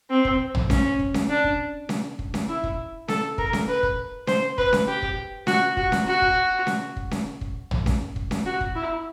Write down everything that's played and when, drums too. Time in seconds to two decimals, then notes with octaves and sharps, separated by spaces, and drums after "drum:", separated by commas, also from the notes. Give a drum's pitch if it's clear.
0.10 C4
0.25 drum: kick
0.55 drum: tom A#1
0.70 C#4, drum: snare C#4
0.99 drum: kick
1.14 drum: snare C#4
1.30 D4
1.44 drum: kick
1.89 drum: snare C#4
2.19 drum: kick
2.34 drum: snare C#4
2.48 E4
2.64 drum: kick
3.08 A4, drum: snare C#4
3.38 A#4, drum: kick
3.53 drum: snare C#4
3.68 B4
3.83 drum: kick
4.27 C5, drum: snare C#4
4.58 B4, drum: kick
4.73 drum: snare C#4
4.88 G4
5.02 drum: kick
5.47 F#4, drum: snare C#4
5.77 F#4, drum: kick
5.92 drum: snare C#4
6.07 F#4
6.22 drum: kick
6.67 drum: snare C#4
6.96 drum: kick
7.11 drum: snare C#4
7.41 drum: kick
7.71 drum: tom A#1
7.86 drum: snare C#4
8.16 drum: kick
8.31 drum: snare C#4
8.46 F#4
8.61 drum: kick
8.75 E4